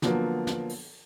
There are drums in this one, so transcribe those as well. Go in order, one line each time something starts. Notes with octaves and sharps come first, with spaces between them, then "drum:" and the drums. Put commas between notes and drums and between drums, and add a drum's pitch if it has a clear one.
D3 F3 F#3 A#3 B3, drum: snare
drum: snare
drum: open hi-hat